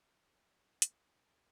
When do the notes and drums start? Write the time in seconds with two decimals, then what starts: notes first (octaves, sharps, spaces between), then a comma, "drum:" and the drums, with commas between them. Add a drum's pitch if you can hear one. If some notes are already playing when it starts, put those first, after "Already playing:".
Already playing: E3
0.41 F#3
0.82 D#3, drum: hi-hat